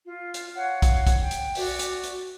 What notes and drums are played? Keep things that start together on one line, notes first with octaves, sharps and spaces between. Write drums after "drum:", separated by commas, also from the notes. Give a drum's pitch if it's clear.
F4
drum: hi-hat
C#5 F5 F#5
drum: kick, hi-hat
drum: kick, hi-hat
G5
drum: hi-hat
F#4 D5, drum: open hi-hat
drum: hi-hat
drum: hi-hat